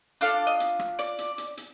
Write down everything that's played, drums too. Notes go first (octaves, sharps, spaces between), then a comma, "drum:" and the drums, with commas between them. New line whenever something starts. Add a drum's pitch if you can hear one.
D4 F4 A4 F5, drum: hi-hat
D#5
drum: hi-hat
drum: rim click
D5, drum: hi-hat
drum: hi-hat
drum: hi-hat
drum: hi-hat